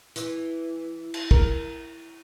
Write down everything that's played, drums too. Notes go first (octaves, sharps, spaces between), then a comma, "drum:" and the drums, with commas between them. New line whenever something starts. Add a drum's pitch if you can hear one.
E3, drum: hi-hat
drum: cymbal
A#4, drum: kick